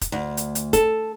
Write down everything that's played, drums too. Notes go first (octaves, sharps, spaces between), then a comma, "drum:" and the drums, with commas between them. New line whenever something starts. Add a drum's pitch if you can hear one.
drum: kick F1, hi-hat
D2
drum: hi-hat
drum: hi-hat
A4, drum: kick F1, hi-hat